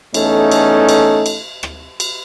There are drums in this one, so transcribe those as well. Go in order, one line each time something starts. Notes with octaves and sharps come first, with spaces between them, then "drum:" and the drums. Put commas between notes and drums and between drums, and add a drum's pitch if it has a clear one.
E2 A3 C#4 D#4 A4, drum: cymbal
drum: cymbal
drum: cymbal
drum: cymbal
drum: rim click
drum: cymbal